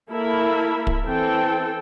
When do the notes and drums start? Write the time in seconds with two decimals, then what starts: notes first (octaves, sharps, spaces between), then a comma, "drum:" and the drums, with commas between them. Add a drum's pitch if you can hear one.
0.10 A#3 E4 A4 A#4 E5 B5
0.87 drum: kick
1.06 E3 C4 A4 G5